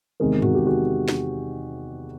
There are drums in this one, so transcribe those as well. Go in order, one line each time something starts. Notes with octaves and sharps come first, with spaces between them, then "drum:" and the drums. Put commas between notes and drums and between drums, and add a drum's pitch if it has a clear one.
E2 C3 D#3 G#3 G#4 A#4
F#4, drum: tom G2
G4
F#4 G#4
drum: snare